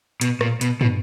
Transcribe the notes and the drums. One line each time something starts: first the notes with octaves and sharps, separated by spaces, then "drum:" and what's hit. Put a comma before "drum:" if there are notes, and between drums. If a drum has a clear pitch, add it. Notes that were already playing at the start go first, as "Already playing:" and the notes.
B2, drum: hi-hat
A#2, drum: rim click
B2, drum: hi-hat
B2, drum: tom